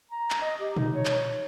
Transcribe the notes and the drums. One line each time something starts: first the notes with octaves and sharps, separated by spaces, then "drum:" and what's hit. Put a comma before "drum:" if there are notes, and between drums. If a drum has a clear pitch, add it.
A#5
drum: clap
D#5
G4
D#4, drum: tom A#2
C#5
drum: clap